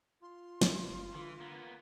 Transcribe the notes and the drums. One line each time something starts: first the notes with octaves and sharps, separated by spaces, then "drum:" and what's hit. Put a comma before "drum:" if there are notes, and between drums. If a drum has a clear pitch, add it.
F4 C6
A#1, drum: snare
F#1
D3 E3
A#3 B3